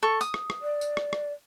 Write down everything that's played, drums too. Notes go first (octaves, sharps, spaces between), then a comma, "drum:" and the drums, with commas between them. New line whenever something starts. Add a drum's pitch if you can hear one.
A4 C#6
D#6, drum: tambourine
drum: rim click
drum: rim click
D5
drum: tambourine
drum: rim click
drum: rim click